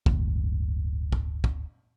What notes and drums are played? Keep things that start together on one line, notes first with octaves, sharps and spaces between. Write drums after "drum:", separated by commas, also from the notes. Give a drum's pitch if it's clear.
D1 G1, drum: kick
drum: kick
drum: kick